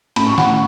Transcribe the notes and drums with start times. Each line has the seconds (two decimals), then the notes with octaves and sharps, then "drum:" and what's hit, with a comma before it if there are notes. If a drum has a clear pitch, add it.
0.16 A2 A3 C#4 B5, drum: cymbal
0.26 C#6
0.38 F#5 B5, drum: snare